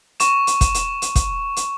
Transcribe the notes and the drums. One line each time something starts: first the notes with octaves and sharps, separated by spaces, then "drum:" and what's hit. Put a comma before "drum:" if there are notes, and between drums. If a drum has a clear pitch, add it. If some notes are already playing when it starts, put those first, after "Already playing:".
C#6 E7, drum: hi-hat
drum: hi-hat
drum: kick, hi-hat
drum: hi-hat
drum: hi-hat
drum: kick, hi-hat
drum: hi-hat